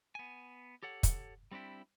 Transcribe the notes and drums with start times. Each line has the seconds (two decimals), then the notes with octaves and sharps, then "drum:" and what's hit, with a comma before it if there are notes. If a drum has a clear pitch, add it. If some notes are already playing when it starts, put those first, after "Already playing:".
0.15 B3 G#5
0.83 G4 A4 C#5 F#5
1.03 drum: kick, hi-hat
1.51 G3 C4 D4 E4 G4